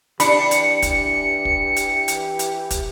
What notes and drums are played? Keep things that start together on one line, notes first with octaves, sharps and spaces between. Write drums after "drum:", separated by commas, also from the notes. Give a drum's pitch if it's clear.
E3 D4 G4 B5 C#7, drum: hi-hat
drum: hi-hat
drum: kick, hi-hat
drum: kick
drum: hi-hat
drum: hi-hat
drum: hi-hat
drum: kick, hi-hat